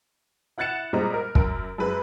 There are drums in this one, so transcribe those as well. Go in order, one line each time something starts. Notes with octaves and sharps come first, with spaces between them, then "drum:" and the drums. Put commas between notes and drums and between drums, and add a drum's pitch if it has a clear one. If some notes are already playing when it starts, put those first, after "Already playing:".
E4 F#5 F#6 A6 C#7 E7
A#2 G3 G#3 C4 D#5 A#5
A#4
F#2 A#4 D7, drum: kick
F#2 G#3 B4